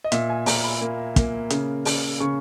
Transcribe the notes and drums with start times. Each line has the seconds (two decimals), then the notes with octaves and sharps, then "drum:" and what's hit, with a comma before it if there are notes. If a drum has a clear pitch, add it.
0.04 D#5
0.12 A#2 E5, drum: hi-hat
0.30 G#5
0.46 A#2 A#5, drum: open hi-hat
0.64 B5
0.81 A#3
1.16 A#3, drum: kick, hi-hat
1.50 C#3, drum: hi-hat
1.85 C#3, drum: open hi-hat
2.20 C#3 C#6